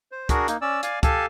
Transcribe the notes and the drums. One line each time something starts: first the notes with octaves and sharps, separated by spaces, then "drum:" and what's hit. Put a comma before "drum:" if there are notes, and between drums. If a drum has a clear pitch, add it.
C5
D4 F#4 G#4 A#4, drum: kick, hi-hat
A#3 D#4, drum: hi-hat
C#4 D5 E6
D5 F5 G#5, drum: hi-hat
G4 A4 F5 G#5 A5, drum: kick, hi-hat